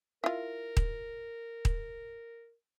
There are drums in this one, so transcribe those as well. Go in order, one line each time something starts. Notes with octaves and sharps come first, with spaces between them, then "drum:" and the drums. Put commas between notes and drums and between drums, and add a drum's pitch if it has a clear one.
E4 F4 A#4
drum: kick D#1
drum: kick D#1